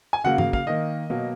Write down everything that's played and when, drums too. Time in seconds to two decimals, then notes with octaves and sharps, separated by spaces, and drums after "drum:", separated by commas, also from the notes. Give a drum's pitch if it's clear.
0.13 G#5
0.24 C#3 F#3 A#3 F#5
0.38 F5, drum: tom
0.53 F5, drum: kick
0.67 D#3 A#3 D#5
1.10 B2 F#3 A#3